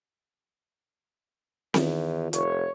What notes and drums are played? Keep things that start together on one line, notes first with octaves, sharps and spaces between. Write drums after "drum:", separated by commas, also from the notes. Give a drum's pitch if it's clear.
E2 D#3 D#4 F4, drum: snare C4
F1 C#5, drum: hi-hat